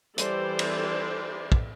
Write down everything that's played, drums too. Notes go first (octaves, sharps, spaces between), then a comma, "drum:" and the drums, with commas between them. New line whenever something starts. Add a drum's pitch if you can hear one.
E3 G3 G4 A4 C5 D5, drum: hi-hat
drum: cymbal
drum: kick